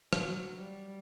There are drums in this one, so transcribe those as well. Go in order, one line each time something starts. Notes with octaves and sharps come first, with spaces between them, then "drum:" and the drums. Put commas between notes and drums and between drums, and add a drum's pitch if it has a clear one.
F#3, drum: rim click
G3